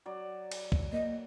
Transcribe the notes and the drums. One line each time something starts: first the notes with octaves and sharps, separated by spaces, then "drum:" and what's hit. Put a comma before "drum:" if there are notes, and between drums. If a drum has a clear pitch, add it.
F#3 D5
drum: cymbal
drum: kick
A#3 D#5